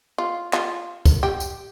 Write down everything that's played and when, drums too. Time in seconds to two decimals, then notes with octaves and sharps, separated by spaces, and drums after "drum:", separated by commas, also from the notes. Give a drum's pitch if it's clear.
0.18 F4
0.53 F4, drum: clap
1.05 drum: kick, tambourine
1.23 G4
1.40 drum: tambourine